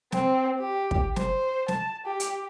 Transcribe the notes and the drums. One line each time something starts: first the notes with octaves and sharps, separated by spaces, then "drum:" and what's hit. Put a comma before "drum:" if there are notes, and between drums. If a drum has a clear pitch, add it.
C4, drum: snare
G4
drum: kick
C5, drum: snare
A5, drum: snare
G4
drum: hi-hat